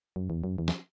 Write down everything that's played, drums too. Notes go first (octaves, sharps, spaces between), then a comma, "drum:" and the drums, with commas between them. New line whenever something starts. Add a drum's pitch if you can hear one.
F#2
E2
F#2
E2
drum: snare